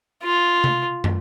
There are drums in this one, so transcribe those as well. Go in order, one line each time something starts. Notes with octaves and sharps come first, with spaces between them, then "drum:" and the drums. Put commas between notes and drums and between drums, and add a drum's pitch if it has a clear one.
F4
drum: tom C3
drum: tom